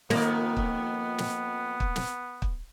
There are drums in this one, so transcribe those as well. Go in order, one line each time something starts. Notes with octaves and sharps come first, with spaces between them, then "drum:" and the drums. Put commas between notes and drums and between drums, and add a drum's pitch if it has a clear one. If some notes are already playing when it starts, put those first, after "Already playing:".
F2 D#3 A#3 B3 D5, drum: snare
drum: kick
drum: snare
drum: kick
drum: snare
drum: kick